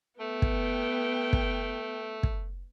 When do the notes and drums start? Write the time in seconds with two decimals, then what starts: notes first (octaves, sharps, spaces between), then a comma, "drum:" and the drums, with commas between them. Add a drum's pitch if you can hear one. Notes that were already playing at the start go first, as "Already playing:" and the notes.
0.20 A3 B3 G5
0.42 drum: kick
1.33 drum: kick
2.23 drum: kick